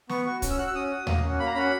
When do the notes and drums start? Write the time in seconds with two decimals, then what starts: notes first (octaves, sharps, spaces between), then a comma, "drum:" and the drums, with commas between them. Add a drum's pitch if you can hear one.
0.09 B3 C#6, drum: snare
0.26 F#4 C#6
0.42 C#4, drum: kick, hi-hat
0.50 E6
0.58 F#4 F#6
0.67 E6
0.75 C#4 D#6
0.90 F#4
1.07 A#3, drum: tom D#2
1.23 C#4 F#4
1.39 A#3 B5
1.46 A#5
1.54 C#4 F#4 B5